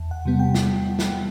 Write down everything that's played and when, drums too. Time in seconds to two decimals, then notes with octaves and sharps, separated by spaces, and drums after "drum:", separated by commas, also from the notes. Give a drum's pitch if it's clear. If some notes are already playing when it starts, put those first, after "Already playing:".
Already playing: E2 A5
0.11 F#5
0.25 C3 G3 B3
0.39 G5
0.54 drum: snare
0.99 drum: snare